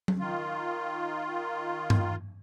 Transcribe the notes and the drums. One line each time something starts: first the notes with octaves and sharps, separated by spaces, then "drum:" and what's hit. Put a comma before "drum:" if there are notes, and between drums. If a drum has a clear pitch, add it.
drum: tom F#3
D#3 F4
drum: tom G2